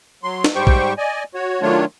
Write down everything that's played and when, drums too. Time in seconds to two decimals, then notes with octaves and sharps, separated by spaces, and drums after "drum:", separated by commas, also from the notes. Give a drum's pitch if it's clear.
0.23 F#3 C6
0.44 drum: snare
0.55 G#2 G3 G4 C5 G5 C#6
0.67 drum: kick B1
0.98 D5 D#5 G#5
1.34 F#4 C#5
1.62 D#3 F#3 A3 D4 F4 C#5